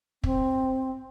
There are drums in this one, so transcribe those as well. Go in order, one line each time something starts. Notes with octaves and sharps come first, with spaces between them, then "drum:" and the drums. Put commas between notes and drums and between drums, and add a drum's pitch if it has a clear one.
C4, drum: kick